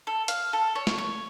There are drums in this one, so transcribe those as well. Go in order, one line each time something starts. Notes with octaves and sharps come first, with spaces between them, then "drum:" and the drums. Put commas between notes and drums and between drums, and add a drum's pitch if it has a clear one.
A4
F5, drum: hi-hat
A4
C#5
drum: snare
C#5